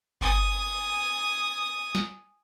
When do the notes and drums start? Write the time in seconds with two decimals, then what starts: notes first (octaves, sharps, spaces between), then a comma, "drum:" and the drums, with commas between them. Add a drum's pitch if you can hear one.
0.21 G#5 D#6, drum: kick G1
1.95 drum: snare